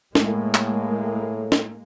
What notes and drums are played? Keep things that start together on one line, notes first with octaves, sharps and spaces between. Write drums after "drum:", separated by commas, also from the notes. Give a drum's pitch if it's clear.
A2 G#3 A#3, drum: snare
drum: clap
drum: snare